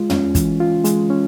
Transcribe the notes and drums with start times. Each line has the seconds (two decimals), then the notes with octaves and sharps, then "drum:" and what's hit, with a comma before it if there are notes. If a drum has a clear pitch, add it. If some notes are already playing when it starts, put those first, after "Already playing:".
Already playing: G#3 F4
0.10 C#4, drum: tom
0.35 E3, drum: kick, hi-hat
0.60 F4
0.84 G#3, drum: hi-hat
1.10 C#4